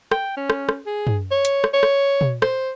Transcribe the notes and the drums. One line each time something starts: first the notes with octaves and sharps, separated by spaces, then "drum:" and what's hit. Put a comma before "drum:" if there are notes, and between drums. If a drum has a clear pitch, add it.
G5, drum: rim click
C#4
drum: rim click
drum: rim click
G#4
drum: tom
C#5
drum: hi-hat
drum: rim click
C#5
drum: rim click
drum: tom
C5, drum: rim click